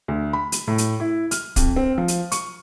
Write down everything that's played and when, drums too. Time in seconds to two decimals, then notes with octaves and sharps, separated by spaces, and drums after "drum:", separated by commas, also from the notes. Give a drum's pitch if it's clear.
0.08 D2
0.33 B5
0.52 drum: hi-hat
0.68 A2
0.78 drum: hi-hat
1.00 E4
1.31 F6, drum: hi-hat
1.56 F2, drum: kick, hi-hat
1.76 C4
1.98 F3
2.08 drum: hi-hat
2.32 C#6, drum: hi-hat